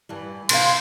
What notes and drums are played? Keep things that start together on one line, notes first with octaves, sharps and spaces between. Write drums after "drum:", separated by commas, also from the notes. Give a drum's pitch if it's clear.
G2 E3 G3
C3 C5 F5 C6, drum: cymbal